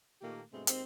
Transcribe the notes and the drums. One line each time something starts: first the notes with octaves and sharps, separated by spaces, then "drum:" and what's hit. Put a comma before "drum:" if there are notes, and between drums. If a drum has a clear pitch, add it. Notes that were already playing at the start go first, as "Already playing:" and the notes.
A#2 D#3 A3 A#3 G4
G2 B2 G#3 A3 C4
D#2 G#3 C4, drum: hi-hat